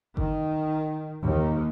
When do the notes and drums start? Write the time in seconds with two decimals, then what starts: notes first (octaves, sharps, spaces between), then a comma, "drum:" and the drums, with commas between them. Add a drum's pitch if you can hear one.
0.17 D#3, drum: kick G1
1.23 D#2